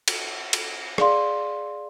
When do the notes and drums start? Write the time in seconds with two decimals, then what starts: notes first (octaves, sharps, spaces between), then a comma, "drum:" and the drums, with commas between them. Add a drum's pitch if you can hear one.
0.08 drum: cymbal
0.53 drum: cymbal
0.98 G#4 D5 F5 C6, drum: rim click